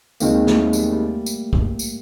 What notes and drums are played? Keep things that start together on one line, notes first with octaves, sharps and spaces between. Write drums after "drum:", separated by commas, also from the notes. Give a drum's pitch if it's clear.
D#2 D#3 G#3 A#3 C4, drum: tambourine
A3, drum: snare
G3, drum: tambourine
G3
drum: tambourine
drum: kick
drum: tambourine